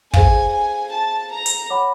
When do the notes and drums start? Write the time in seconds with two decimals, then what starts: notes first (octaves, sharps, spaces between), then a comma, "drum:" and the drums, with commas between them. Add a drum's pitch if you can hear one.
0.13 G#4 C5 F5 G#5, drum: kick
0.53 G#5
0.92 A5
1.31 A#5
1.46 drum: hi-hat
1.70 C#5 F#5 B5 D6